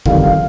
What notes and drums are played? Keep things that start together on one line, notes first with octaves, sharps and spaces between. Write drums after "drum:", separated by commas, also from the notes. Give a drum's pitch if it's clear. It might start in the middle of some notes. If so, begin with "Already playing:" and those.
F2 D#3 G3 F5, drum: kick G#1
F5